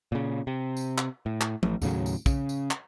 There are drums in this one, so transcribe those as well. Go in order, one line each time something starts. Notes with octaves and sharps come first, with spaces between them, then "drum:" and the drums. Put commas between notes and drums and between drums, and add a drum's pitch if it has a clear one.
A#2 C#3
C3
drum: tambourine
drum: clap
A2
drum: clap
A1 A2, drum: tom F3
D#2 A2 C#3 F#3, drum: tambourine
drum: tambourine
C#3, drum: kick, tambourine
drum: tambourine
drum: clap